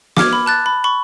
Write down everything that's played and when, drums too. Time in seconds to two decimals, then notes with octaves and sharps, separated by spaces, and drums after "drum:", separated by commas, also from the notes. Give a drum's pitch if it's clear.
0.17 D6 F6 G#6, drum: snare
0.33 B5
0.46 A5 F#6 A6
0.66 B5
0.84 B5 C#6